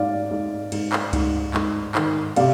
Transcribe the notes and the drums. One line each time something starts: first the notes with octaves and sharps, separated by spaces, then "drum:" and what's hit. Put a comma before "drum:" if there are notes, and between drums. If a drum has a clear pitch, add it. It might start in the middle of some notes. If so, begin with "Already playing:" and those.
Already playing: G#2 D5 F5
G#2
G#2, drum: cymbal
drum: clap
G#2, drum: kick C#2, cymbal
G#2, drum: clap
D#3, drum: clap
C3 D5 F5, drum: cymbal